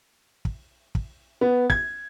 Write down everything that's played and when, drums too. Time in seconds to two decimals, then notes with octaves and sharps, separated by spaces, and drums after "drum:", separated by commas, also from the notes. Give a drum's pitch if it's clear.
0.45 drum: kick
0.95 drum: kick
1.41 B3
1.70 G#6, drum: kick